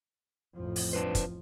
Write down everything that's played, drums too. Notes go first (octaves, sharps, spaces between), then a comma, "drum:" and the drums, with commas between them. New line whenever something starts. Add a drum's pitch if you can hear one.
A1 F2 F3
drum: open hi-hat
D4 B4 C5
drum: kick, hi-hat